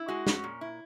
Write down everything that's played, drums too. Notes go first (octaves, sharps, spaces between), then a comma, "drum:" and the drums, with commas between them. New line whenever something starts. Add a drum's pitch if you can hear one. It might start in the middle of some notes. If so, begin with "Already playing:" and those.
Already playing: E4
G#3 F#4
C#4, drum: snare
A#2
E4